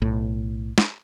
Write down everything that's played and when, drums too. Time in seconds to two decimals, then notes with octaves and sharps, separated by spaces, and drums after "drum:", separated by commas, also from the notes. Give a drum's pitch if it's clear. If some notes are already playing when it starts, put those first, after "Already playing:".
0.02 B1 A2
0.78 drum: snare